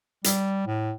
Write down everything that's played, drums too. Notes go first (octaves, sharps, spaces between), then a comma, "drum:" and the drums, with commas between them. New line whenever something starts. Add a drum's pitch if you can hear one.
G3, drum: hi-hat
A2